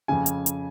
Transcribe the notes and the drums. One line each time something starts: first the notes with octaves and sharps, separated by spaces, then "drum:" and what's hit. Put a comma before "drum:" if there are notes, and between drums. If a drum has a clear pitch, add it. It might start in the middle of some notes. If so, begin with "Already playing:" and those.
F2 C#3 G#5
drum: hi-hat
drum: hi-hat